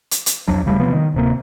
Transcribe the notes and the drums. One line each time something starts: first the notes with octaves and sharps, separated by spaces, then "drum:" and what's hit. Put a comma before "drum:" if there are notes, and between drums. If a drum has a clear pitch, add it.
drum: hi-hat
drum: hi-hat
C2 F2 F#3 D4
E1 C#3 G3 A3
C3 F3 B3
D#3
D1 C3 A#3